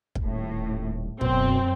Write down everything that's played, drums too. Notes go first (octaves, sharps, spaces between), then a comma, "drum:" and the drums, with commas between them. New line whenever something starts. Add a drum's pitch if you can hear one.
drum: kick
D#1 A2
F#2 B2 C4, drum: kick